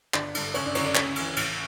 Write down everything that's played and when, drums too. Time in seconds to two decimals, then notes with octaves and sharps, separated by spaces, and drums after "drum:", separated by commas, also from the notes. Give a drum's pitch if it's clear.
0.14 G1 D4 D5, drum: clap
0.35 G2 D3, drum: cymbal
0.54 F#1 C#4 C#5, drum: cymbal
0.65 D4 D5
0.75 F#2 D3 C#4 C#5, drum: cymbal
0.85 D4 D5
0.95 C#2 C#4 C#5, drum: clap
1.16 C#3 E3, drum: cymbal
1.36 A1, drum: cymbal